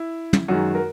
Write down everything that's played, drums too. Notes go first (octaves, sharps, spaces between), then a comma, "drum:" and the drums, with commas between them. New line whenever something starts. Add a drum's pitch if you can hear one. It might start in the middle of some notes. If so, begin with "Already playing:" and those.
Already playing: E4
drum: tom
F#2 D#3 G#3 F#4
A#4